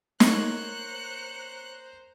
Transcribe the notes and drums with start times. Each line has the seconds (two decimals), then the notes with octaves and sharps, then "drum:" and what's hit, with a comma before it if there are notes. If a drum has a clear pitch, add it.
0.20 A#3 C5 C#5 A#5 F#6 C#7, drum: snare